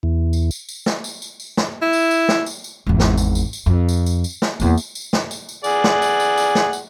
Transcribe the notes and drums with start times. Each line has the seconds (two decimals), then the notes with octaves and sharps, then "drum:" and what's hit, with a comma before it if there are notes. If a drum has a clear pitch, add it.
0.03 E2
0.33 drum: tambourine
0.51 drum: tambourine
0.69 drum: tambourine
0.86 drum: snare
1.04 drum: tambourine
1.22 drum: tambourine
1.40 drum: tambourine
1.57 drum: snare
1.82 E4
1.93 drum: tambourine
2.11 drum: tambourine
2.29 drum: snare
2.46 drum: tambourine
2.64 drum: tambourine
2.87 G#1 E2
3.00 drum: snare
3.17 drum: tambourine
3.35 drum: tambourine
3.53 drum: tambourine
3.66 F2
3.89 drum: tambourine
4.06 drum: tambourine
4.24 drum: tambourine
4.42 drum: snare
4.60 E2 A#3, drum: tambourine
4.77 drum: tambourine
4.95 drum: tambourine
5.13 drum: snare
5.31 drum: tambourine
5.49 drum: tambourine
5.64 G#4 D5 F#5, drum: tambourine
5.84 drum: snare
6.02 drum: tambourine
6.20 drum: tambourine
6.37 drum: tambourine
6.55 drum: snare
6.73 drum: tambourine